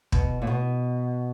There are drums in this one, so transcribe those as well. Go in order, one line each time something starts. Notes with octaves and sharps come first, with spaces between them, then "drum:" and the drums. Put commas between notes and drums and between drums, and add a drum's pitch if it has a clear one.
B2, drum: kick
A#2
B2